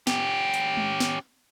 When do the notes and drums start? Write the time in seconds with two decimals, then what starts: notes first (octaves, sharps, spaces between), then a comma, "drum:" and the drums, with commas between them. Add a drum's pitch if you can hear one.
0.07 C#4 G4, drum: snare
0.54 drum: hi-hat
0.77 drum: tom G#3
1.00 drum: snare